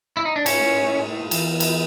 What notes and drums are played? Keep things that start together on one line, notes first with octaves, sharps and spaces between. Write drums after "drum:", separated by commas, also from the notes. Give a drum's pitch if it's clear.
E4
D#4
D4
G#2 C#4, drum: cymbal
A2
G#2
A2
G#2
A2
G#2
E2, drum: cymbal
drum: cymbal